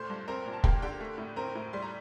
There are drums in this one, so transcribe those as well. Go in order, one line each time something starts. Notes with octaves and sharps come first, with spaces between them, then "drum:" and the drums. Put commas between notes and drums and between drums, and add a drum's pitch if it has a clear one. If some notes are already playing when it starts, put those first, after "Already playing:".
Already playing: A#2 A3 C5 C6
G2
C4 A#4 A#5
A#2
A5
A#3 G4 G5, drum: kick
D3 G4 G5
A3
A2
C4 A#4 A#5
A2
G3 C6
A#5